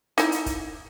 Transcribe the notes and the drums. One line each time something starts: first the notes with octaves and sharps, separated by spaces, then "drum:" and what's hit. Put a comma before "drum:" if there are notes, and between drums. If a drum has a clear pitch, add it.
D#4 E4, drum: hi-hat
drum: hi-hat
drum: kick, hi-hat